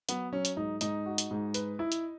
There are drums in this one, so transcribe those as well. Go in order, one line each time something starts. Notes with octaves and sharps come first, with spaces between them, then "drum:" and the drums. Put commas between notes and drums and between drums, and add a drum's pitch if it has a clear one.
F#3 B3, drum: hi-hat
F#3 C#4
drum: hi-hat
G#2 D#4
G#2 D#4, drum: hi-hat
F#4
drum: hi-hat
G#2
B4, drum: hi-hat
E4
drum: hi-hat